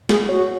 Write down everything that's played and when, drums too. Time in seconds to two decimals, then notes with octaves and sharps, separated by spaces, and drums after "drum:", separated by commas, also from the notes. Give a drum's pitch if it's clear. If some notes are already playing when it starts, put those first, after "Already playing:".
0.09 G#4, drum: snare
0.29 F#4 C#5